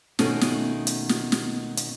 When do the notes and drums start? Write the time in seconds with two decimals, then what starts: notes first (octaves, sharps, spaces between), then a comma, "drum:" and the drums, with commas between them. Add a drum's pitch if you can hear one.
0.19 B2 D#3 A3 C#4, drum: snare
0.41 drum: snare
0.87 drum: hi-hat
1.09 drum: snare
1.32 drum: snare
1.77 drum: hi-hat